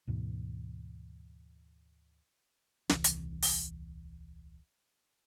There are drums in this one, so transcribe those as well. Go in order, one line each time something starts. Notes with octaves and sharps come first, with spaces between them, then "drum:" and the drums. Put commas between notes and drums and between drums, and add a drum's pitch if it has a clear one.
D2 G#2 B2 E3
D#1 C2 E3, drum: snare
drum: hi-hat
drum: open hi-hat